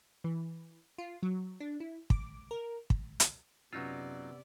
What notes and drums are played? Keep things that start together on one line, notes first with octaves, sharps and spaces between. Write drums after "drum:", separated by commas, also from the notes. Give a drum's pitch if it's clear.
E3
F4
F#3
D4
E4
D6, drum: kick
A#4
drum: kick
drum: hi-hat
F#2 C3 F#3 B3 D#4 F4 D5 E6